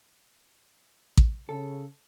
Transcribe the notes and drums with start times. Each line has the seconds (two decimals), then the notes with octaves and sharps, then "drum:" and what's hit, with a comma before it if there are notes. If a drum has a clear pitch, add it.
1.17 drum: kick A1
1.49 C#3 A4